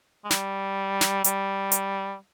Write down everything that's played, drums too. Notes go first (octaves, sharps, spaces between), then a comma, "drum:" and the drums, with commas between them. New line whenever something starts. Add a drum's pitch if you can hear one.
G#3
G3, drum: snare
drum: snare
G3, drum: hi-hat
drum: hi-hat